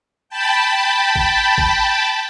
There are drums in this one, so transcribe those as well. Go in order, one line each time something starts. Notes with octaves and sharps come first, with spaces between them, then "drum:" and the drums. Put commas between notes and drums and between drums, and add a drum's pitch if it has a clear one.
G5 A5 B5
drum: kick
drum: kick